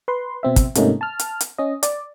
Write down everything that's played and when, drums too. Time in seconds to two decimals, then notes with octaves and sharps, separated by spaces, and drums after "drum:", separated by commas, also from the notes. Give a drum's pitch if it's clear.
0.08 B4 C6
0.43 B2 C4 E5
0.56 drum: kick, hi-hat
0.75 G#2 C3 A3 A#3 C#4 D#4, drum: hi-hat
1.01 A5 F6
1.19 drum: hi-hat
1.41 drum: hi-hat
1.59 C#4 D#5
1.83 D5, drum: hi-hat